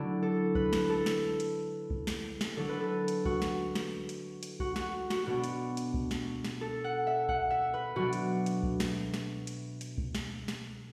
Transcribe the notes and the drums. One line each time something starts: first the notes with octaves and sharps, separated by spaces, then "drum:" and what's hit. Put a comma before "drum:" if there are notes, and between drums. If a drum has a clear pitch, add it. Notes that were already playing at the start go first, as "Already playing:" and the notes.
Already playing: D3 F#3 A3 D4 E4
A4
B4, drum: kick C2
drum: snare
A4
drum: snare
drum: hi-hat
drum: kick C2
drum: snare
drum: snare
D3 F#3 D4 A4
B4
A4
drum: hi-hat
F#4, drum: kick C2
drum: snare
drum: snare
drum: hi-hat
drum: hi-hat
F#4, drum: kick C2
F#4, drum: snare
F#4, drum: snare
B2 B3 D4 F#4
drum: hi-hat
drum: hi-hat
drum: kick C2
drum: snare
drum: snare
A4
F#5
E5
F#5, drum: kick C2
E5
B4
B2 F#3 D4 F#4
drum: hi-hat
drum: hi-hat
drum: kick C2
drum: snare
drum: snare
drum: hi-hat
drum: hi-hat
drum: kick C2
drum: snare
drum: snare